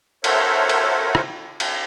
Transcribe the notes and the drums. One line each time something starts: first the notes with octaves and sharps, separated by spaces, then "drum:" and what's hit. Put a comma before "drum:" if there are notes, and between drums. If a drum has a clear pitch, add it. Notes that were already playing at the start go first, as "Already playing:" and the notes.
A4 A#4 C5 C#5 E5 F#5, drum: cymbal
drum: cymbal
drum: rim click
drum: cymbal